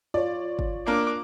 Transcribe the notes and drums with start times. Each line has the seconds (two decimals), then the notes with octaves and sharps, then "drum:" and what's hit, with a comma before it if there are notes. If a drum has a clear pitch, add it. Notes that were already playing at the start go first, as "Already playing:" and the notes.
0.14 F4 C#5 D5
0.59 drum: kick G1
0.87 A#3 D4 D6